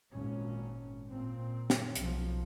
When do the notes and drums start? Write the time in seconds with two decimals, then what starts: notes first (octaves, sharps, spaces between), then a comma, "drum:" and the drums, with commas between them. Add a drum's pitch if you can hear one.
0.11 G#1 A#2 C#4
1.09 A#2 C4
1.70 drum: snare
1.96 B1 F3, drum: hi-hat